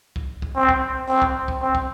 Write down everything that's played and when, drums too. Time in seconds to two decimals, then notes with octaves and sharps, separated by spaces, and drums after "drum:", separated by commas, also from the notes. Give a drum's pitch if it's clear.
0.16 drum: kick
0.42 drum: kick
0.55 C4
0.69 drum: kick
1.09 C4
1.22 drum: kick
1.48 drum: kick
1.61 C4
1.75 drum: kick